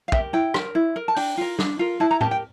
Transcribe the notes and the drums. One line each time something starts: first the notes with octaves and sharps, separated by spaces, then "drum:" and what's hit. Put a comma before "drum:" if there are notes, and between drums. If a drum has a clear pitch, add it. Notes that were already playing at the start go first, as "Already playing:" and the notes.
F5
G4 A#4 E5, drum: kick
E4 G5
A#4, drum: rim click
E4
A#4
A5
D4 G5, drum: open hi-hat
F4 A#4
D4, drum: snare
F4 A#4
E4 A5
A#5
G4 A#4 A5, drum: tom A2
G5